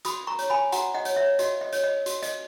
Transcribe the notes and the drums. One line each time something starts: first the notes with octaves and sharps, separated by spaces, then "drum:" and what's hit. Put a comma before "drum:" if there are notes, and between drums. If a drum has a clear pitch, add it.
F#4 B5 D#6, drum: hi-hat
A#5 C#6
C#5, drum: hi-hat
G#5 B5
F#4 F#5 A#5, drum: hi-hat
D#5 F#5
C#5, drum: hi-hat
C#5 E5
F#4 D#5, drum: hi-hat
D#5
C#5, drum: hi-hat
D#5
F#4, drum: hi-hat
D#5, drum: hi-hat